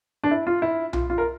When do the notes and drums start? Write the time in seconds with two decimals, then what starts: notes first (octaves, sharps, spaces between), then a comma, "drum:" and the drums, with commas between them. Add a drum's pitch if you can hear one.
0.24 D4
0.31 E4
0.47 F4
0.62 E4
0.93 F4, drum: tom B1
1.10 F4
1.18 A#4